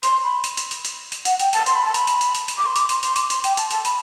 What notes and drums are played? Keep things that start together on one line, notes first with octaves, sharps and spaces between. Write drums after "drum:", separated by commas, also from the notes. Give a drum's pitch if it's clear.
C6, drum: hi-hat
B5
drum: hi-hat
drum: hi-hat
drum: hi-hat
drum: hi-hat
drum: hi-hat
F#5, drum: hi-hat
G5, drum: hi-hat
A5, drum: hi-hat
C6, drum: hi-hat
B5
A5
B5, drum: hi-hat
drum: hi-hat
drum: hi-hat
drum: hi-hat
drum: hi-hat
D6
C6
D6, drum: hi-hat
C6, drum: hi-hat
C6, drum: hi-hat
D6, drum: hi-hat
C6, drum: hi-hat
G5, drum: hi-hat
A5, drum: hi-hat
A5, drum: hi-hat
B5, drum: hi-hat